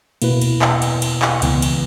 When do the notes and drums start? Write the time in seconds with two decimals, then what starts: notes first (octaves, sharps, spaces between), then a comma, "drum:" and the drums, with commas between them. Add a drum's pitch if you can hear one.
0.22 B2 A#3 E4 B4, drum: cymbal
0.41 drum: cymbal
0.62 drum: clap
0.82 drum: cymbal
1.02 drum: cymbal
1.22 drum: clap
1.42 C#2 C#3 E3 B3, drum: cymbal
1.62 drum: cymbal